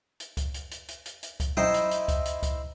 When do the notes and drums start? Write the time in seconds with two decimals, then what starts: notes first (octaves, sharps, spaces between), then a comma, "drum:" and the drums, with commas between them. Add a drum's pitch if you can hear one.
0.20 drum: hi-hat
0.37 drum: kick C#2, hi-hat
0.54 drum: hi-hat
0.71 drum: hi-hat
0.88 drum: hi-hat
1.06 drum: hi-hat
1.23 drum: hi-hat
1.40 drum: kick C#2, hi-hat
1.57 D#4 E4 C5 G5, drum: tom F#3
1.74 drum: hi-hat
1.91 drum: hi-hat
2.08 drum: kick C#2, hi-hat
2.25 drum: hi-hat
2.43 drum: kick C#2, hi-hat